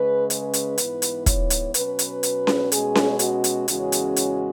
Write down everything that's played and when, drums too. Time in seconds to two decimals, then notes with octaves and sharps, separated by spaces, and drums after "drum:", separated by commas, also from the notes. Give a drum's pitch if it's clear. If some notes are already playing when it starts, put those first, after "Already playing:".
Already playing: C#3 G#3 C#4 B4
0.30 B4, drum: hi-hat
0.53 drum: hi-hat
0.78 G#2 E3 B3, drum: hi-hat
1.02 drum: hi-hat
1.26 C#5, drum: kick, hi-hat
1.50 drum: hi-hat
1.74 B2 F#3 C#4 B4, drum: hi-hat
1.99 drum: hi-hat
2.23 drum: hi-hat
2.47 drum: snare C#4
2.72 B2 G#3 C#4 G#4, drum: hi-hat
2.95 drum: snare C#4
3.19 F#4, drum: hi-hat
3.44 drum: hi-hat
3.68 E2 C#3 G#3 C#4 F#4, drum: hi-hat
3.92 drum: hi-hat
4.16 drum: hi-hat